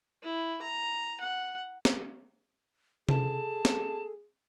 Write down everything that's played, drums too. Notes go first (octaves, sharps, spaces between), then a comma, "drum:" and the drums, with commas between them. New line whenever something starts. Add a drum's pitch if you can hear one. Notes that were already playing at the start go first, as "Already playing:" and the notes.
E4
A#5
F#5
drum: snare
G#4 A4 A5, drum: tom C3
drum: snare